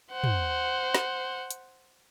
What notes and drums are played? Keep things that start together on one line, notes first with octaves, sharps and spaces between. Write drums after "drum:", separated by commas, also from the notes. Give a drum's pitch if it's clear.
C5 F#5
drum: tom
drum: snare
drum: hi-hat